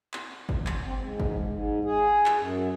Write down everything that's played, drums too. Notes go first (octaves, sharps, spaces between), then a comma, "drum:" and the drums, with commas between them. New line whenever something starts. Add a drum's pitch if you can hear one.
drum: clap
drum: kick G1
drum: clap
C4
G#2
drum: kick G1
G#2
G#4
drum: clap
F#2